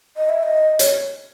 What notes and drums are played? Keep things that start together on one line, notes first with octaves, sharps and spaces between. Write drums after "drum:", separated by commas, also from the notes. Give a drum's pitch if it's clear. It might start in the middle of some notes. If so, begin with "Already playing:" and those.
D#5
E5
D#5
C#5, drum: hi-hat